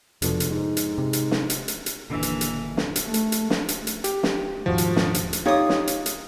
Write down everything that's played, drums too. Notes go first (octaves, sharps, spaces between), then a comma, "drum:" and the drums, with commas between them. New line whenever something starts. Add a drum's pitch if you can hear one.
F1 B2 D3 F3, drum: hi-hat
drum: hi-hat
G#2
drum: hi-hat
C3
drum: hi-hat
drum: snare
drum: hi-hat
drum: hi-hat
drum: hi-hat
F#1 D#2 A#2 D3 E3 D4 E6
drum: hi-hat
drum: hi-hat
drum: snare
drum: hi-hat
A3
drum: hi-hat
drum: hi-hat
drum: snare
drum: hi-hat
drum: hi-hat
G4, drum: hi-hat
drum: snare
D#1 G#2 D#3 F3 F#4
drum: hi-hat
drum: snare
drum: hi-hat
drum: hi-hat
D#4 F4 G4 C#5 D#6
drum: snare
drum: hi-hat
drum: hi-hat